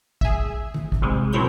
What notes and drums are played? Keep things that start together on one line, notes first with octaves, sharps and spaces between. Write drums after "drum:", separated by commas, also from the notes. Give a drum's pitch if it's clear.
G#4 E5, drum: kick
drum: tom
drum: kick
G#2 C3 G3 G#3
F#2 B2 C4 E4 C#5 G6